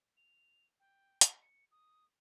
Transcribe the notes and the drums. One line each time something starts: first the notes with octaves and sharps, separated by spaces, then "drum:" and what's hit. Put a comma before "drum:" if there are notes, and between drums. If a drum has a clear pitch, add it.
F7
G5
drum: hi-hat
C#7
D#6